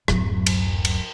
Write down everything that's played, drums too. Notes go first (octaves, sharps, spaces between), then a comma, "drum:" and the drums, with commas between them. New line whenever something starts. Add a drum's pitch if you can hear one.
D1 F#2, drum: rim click
drum: cymbal
drum: cymbal